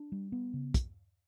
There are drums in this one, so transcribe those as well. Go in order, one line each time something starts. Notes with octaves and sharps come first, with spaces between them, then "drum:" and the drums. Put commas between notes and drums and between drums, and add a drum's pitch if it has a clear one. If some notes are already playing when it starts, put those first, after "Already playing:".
Already playing: D4
G3
B3
C#3
drum: kick, hi-hat